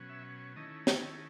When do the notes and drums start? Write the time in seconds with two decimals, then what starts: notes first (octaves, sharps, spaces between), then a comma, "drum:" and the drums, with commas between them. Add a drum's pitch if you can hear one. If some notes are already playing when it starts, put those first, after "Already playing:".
Already playing: B2 F#3 C#4
0.09 E5
0.56 D#3 A3 C#4 E4 D#5
0.87 C#5, drum: snare